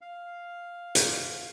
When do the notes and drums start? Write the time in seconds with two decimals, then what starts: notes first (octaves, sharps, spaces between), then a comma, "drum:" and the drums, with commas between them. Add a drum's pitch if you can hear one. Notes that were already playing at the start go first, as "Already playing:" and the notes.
0.01 F5
0.95 drum: hi-hat